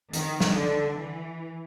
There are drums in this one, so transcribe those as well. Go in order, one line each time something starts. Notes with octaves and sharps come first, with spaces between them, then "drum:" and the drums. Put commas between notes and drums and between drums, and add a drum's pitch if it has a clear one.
D#3, drum: hi-hat
drum: snare
D3
E3